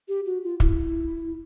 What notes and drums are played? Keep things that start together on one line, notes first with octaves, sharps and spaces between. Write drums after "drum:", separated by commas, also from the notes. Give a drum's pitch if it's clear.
G4
F#4
F4
E4, drum: kick